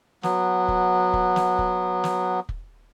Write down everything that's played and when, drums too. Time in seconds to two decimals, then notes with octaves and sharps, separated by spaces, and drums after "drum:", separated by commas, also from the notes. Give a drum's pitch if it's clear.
0.23 F#3 B3, drum: snare
0.68 drum: kick
1.13 drum: kick
1.36 drum: snare
1.59 drum: kick
2.04 drum: snare
2.49 drum: kick